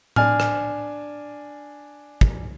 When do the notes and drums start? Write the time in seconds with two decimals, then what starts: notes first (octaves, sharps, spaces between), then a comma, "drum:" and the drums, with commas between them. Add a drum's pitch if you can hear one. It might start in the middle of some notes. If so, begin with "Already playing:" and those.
0.16 D4 G#5 F6, drum: tom A2
0.40 drum: rim click
2.21 drum: kick